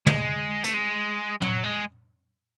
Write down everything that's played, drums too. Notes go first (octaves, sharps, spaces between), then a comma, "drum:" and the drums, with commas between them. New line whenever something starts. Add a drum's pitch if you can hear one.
G#3, drum: tom
A3, drum: hi-hat
G#3
F#3, drum: tom
G#3